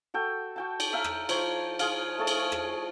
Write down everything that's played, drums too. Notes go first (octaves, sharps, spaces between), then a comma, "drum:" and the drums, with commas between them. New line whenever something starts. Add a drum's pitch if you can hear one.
F#4 A4 G5
F#4 G5 A5
drum: cymbal
E5 F5 G5 A#5
drum: rim click
F3 C#5 C6, drum: cymbal
F4 G#4 F5, drum: cymbal
A3 G#4 C#5 A5
drum: cymbal
drum: rim click